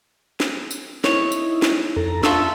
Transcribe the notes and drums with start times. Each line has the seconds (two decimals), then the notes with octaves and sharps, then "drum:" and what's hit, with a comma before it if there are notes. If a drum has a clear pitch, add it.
0.40 drum: snare
0.71 drum: tambourine
1.04 D#4 E4 C#5, drum: snare
1.32 drum: tambourine
1.62 drum: snare
1.96 F2 A4 A#5
2.23 D4 F4 A4 E5 C#6 E6, drum: snare